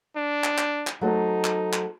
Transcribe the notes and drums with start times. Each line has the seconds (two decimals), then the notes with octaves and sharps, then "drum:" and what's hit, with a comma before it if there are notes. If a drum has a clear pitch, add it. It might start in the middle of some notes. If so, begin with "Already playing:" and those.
0.16 D4
0.44 drum: clap
0.58 drum: clap
0.87 drum: clap
1.01 F#3 A3 D#4 C5
1.44 drum: clap
1.73 drum: clap